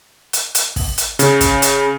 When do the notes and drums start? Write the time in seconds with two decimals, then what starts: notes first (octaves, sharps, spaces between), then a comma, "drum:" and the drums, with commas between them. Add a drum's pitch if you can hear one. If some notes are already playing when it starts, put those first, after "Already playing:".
0.33 drum: hi-hat
0.55 drum: hi-hat
0.76 drum: kick, open hi-hat
0.98 drum: hi-hat
1.19 C#3, drum: hi-hat
1.41 drum: kick, hi-hat
1.62 drum: hi-hat